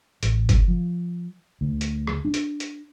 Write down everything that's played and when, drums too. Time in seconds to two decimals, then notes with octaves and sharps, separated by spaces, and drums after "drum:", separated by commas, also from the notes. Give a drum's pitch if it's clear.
0.23 A1, drum: hi-hat
0.49 drum: kick F#1, hi-hat
0.68 F3
1.61 D2
1.81 drum: hi-hat
2.07 drum: rim click
2.25 D4
2.34 drum: hi-hat
2.60 drum: hi-hat